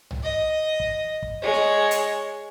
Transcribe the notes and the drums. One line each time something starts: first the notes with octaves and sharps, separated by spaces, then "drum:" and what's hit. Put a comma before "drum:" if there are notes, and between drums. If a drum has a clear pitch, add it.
drum: tom B1
D#5
drum: kick
drum: kick
G#3 C#5
drum: snare
drum: hi-hat